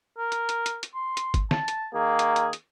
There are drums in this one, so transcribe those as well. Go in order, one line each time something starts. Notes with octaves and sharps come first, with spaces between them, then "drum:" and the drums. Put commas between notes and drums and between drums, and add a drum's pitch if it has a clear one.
A#4
drum: hi-hat
drum: hi-hat
drum: hi-hat
drum: hi-hat
C6
drum: hi-hat
drum: kick, hi-hat
A5, drum: snare
drum: hi-hat
D#3 A#3 G#4
drum: hi-hat
drum: hi-hat
drum: hi-hat